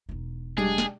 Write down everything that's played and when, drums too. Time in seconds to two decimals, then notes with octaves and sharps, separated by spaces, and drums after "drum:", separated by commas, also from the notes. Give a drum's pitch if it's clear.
0.09 E1 D#4
0.58 G#3 D4 G4 G#4, drum: tom F#3
0.78 drum: snare